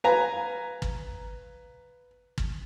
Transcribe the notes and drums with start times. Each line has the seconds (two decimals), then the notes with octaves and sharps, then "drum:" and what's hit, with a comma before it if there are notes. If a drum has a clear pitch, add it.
0.04 B4 F5 G#5 A#5
0.82 drum: kick
2.38 drum: kick